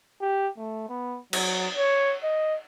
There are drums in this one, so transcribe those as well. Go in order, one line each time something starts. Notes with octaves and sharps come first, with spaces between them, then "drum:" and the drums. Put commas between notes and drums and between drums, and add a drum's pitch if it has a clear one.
G4
A3
B3
F#3, drum: cymbal
C#5
D#5